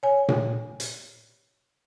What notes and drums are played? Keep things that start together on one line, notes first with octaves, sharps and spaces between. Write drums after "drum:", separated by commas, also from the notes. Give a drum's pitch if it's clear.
C#5 G#5
drum: tom A#2
drum: hi-hat